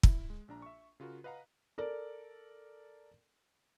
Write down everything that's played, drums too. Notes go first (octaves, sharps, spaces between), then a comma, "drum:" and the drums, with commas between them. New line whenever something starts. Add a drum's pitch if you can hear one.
E4, drum: kick
G#3
A#1 D4 A#5
E5 C#6
C#3 F4 F#4 A#4
B4 D#5 F5 F#5 A#5
A4 A#4 D5